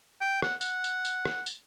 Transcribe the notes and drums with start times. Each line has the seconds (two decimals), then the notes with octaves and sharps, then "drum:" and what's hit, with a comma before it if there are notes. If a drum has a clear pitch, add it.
0.21 G5
0.42 F#5, drum: rim click
0.61 F#5, drum: tambourine
0.84 drum: tambourine
1.05 drum: tambourine
1.25 drum: rim click
1.46 drum: tambourine